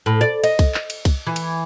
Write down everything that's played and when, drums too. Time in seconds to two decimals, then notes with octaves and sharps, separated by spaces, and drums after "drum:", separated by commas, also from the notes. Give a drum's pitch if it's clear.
0.06 A2
0.21 D5
0.44 D#5, drum: cymbal
0.59 drum: kick C2, cymbal
0.74 drum: clap
0.90 drum: cymbal
1.05 drum: kick C2, cymbal
1.27 E3
1.36 drum: cymbal